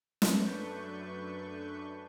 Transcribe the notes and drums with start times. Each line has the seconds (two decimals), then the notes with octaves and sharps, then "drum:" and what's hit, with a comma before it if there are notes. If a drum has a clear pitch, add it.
0.22 F#2 A3 D4 B4 C#6 G6, drum: snare